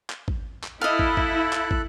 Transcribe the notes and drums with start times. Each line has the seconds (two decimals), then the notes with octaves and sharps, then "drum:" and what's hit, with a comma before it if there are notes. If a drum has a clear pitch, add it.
0.10 drum: clap
0.28 drum: kick
0.64 drum: clap
0.81 E4 A4 D#5 F5 F#6
0.99 drum: kick
1.17 drum: kick
1.53 drum: clap
1.71 drum: kick